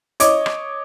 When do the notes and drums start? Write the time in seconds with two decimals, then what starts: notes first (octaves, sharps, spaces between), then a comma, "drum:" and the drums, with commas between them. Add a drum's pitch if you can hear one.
0.20 C#5 D#5 D6, drum: hi-hat
0.46 drum: rim click